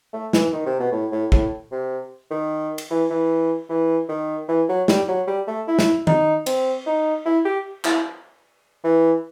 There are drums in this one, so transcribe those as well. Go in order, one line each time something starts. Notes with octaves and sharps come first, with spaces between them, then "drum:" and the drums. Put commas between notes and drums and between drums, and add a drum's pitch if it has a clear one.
A3
E3, drum: snare
D#3
C3
B2
A2
A2
A2, drum: kick
C3
D#3
drum: cymbal
E3
E3
E3
D#3
E3
F#3
G3, drum: snare
F#3
G3
A3
E4
drum: snare
D#4, drum: tom D#3
C4, drum: cymbal
D#4
E4
G4
E4, drum: clap
E3